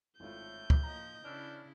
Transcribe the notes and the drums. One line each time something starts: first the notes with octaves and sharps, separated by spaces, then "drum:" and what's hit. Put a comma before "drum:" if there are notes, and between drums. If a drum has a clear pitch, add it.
G#1 A2 F4 G6
drum: kick C#2
F3 A#3 D#5 A#5
C#3 E3 C#4 D4 E4 E6 F6